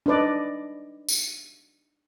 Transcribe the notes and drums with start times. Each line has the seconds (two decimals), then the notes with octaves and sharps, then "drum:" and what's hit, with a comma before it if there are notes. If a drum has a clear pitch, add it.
0.06 D4 D#4 B4 D5 D#5
1.09 drum: tambourine